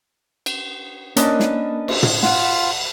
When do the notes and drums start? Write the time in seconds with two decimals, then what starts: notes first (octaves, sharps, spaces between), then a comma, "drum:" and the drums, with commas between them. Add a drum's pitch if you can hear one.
0.46 drum: cymbal
1.16 A#3 C#4 D4 A#4 B4 D#5 A5, drum: hi-hat
1.40 drum: snare
1.88 drum: cymbal
2.03 drum: tom
2.23 F4 F#5, drum: snare